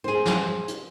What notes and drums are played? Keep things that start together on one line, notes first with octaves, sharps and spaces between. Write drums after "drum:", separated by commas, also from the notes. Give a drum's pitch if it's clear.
G#4 C5
drum: snare
drum: hi-hat